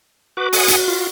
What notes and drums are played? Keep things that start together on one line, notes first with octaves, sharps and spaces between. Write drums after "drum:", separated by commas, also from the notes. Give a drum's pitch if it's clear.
F#4 B4 D6
F#5 G#5 D#6, drum: open hi-hat
drum: hi-hat
F4